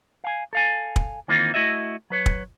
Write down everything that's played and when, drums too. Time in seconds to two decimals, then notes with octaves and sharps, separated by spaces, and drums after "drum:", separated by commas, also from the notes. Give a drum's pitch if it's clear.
0.24 F5 G#5
0.53 A4 F5 G#5
0.96 drum: kick
1.28 D#3 E3 A#3 C4 D#4 F4
1.54 A3 E4 F#4 D#5 E5
2.10 F#3 B4 C#5
2.26 drum: kick